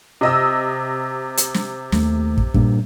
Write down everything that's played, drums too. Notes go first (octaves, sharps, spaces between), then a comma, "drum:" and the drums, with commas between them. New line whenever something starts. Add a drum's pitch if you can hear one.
C3 D#5 E6
drum: hi-hat
drum: snare
D#2 A3, drum: snare
drum: kick
G2 A#2, drum: kick